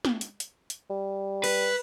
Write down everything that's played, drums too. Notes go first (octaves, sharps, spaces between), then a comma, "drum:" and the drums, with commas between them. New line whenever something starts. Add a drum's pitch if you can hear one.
drum: snare
drum: hi-hat
drum: hi-hat
drum: hi-hat
G3
B4, drum: cymbal